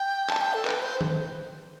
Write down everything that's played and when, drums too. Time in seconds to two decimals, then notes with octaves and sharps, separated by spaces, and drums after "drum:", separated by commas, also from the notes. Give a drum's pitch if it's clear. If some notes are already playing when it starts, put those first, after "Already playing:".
Already playing: G5
0.30 A5, drum: clap
0.41 G5
0.54 A4
0.65 B4, drum: clap
0.82 C5
1.01 drum: tom D#3